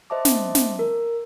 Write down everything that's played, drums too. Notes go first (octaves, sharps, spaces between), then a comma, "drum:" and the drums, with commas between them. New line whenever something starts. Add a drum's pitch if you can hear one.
C5 D#5 E5 A5 D6
drum: snare
drum: snare
A#4